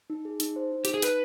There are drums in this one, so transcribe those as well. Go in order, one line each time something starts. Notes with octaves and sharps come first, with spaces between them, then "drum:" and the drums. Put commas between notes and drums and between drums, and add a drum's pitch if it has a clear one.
D#4
G#4
D#4, drum: hi-hat
C5
D#4
D#4 G4, drum: hi-hat
G#4
D#4 B4, drum: hi-hat